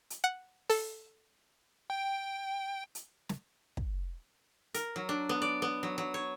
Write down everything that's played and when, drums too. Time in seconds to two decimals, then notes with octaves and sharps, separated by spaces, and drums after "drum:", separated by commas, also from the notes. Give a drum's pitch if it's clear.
0.10 drum: hi-hat
0.24 F#5
0.70 A4, drum: open hi-hat
1.90 G5
2.95 drum: hi-hat
3.29 drum: snare
3.77 drum: kick
4.74 A#4, drum: hi-hat
4.96 F#3
5.09 D4
5.29 B3
5.42 D5
5.62 B3
5.83 F#3
5.98 F#3
6.14 C#5